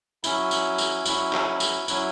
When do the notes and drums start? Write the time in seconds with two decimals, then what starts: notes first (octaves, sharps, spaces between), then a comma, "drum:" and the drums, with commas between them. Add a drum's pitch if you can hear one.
0.24 F#3 C#4 E4, drum: tambourine
0.51 drum: tambourine
0.78 drum: tambourine
1.05 F#3 C#4 E4, drum: tambourine
1.33 drum: clap
1.60 drum: tambourine
1.88 F#3 C#4 E4, drum: tambourine